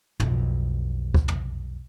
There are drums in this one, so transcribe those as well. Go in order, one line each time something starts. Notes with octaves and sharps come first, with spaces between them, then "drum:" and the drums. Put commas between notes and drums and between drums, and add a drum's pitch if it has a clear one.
B1 F2, drum: tom
drum: kick
drum: tom